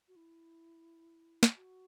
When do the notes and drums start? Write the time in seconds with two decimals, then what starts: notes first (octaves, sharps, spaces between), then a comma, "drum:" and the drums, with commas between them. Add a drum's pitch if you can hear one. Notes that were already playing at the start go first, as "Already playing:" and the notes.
0.08 F#4
0.16 E4
1.43 drum: snare
1.56 F#4